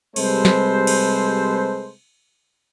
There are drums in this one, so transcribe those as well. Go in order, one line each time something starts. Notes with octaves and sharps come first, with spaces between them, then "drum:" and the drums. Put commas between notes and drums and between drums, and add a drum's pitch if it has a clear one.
C3 G3 G#3 A4 B4 C5, drum: cymbal
drum: snare
drum: cymbal